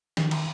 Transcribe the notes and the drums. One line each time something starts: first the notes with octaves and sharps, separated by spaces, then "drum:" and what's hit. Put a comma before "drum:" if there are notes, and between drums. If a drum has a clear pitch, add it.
D#3, drum: snare
drum: cymbal